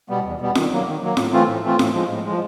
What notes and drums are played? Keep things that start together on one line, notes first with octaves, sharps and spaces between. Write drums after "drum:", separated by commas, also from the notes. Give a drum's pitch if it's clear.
B2 G3 B3
E2
B2 G3 B3
D#3, drum: snare
F#3 A#3
D#3
F#3 A#3
A2, drum: snare
E3 A3 C4 F4
A2
E3 A3 C4 F4
A2, drum: snare
F3 G#3
A2
G#3
F3